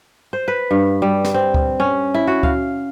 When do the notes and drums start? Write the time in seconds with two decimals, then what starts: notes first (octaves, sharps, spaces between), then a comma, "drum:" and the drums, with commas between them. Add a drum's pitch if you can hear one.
0.33 C5
0.48 B4
0.71 G2
1.02 G3
1.24 drum: snare
1.34 C4
1.54 drum: kick C#2
1.80 C#4
2.14 E4
2.27 F#4
2.43 F5, drum: kick C#2